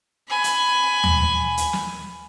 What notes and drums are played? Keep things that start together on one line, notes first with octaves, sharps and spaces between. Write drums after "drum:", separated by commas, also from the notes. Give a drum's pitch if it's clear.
G#5 B5
drum: hi-hat
drum: tom D#2
drum: hi-hat
drum: snare